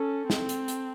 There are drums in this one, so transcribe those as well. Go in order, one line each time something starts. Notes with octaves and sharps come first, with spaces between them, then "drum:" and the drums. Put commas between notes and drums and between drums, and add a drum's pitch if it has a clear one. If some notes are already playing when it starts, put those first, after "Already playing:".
Already playing: C#4 A4
C4, drum: snare
drum: hi-hat
drum: hi-hat